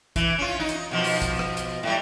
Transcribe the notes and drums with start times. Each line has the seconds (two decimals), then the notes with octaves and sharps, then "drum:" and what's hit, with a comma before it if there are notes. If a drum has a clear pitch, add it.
0.16 E3, drum: kick, hi-hat
0.38 C#4 F4
0.60 D#4
0.69 drum: hi-hat
0.91 B2 F3
1.04 drum: open hi-hat
1.22 drum: kick, hi-hat
1.39 drum: rim click
1.57 drum: hi-hat
1.83 A2 G3